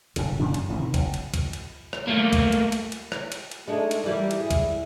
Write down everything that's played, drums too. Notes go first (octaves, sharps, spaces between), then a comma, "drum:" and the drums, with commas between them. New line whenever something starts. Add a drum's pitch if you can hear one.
F#1 G2 C3, drum: cymbal
F#2 A#2 C#3 D4
drum: cymbal
A1 G#2 C3 D#3
C3 D#3
F#1, drum: kick, cymbal
drum: cymbal
drum: kick, cymbal
drum: cymbal
drum: rim click
A3 A#3
drum: kick, cymbal
drum: cymbal
drum: cymbal
drum: cymbal
drum: rim click
drum: cymbal
drum: cymbal
G#3 A3 D4 D#4
drum: cymbal
E3 G3 A#3 E4
drum: cymbal
E4 G#4
drum: kick, cymbal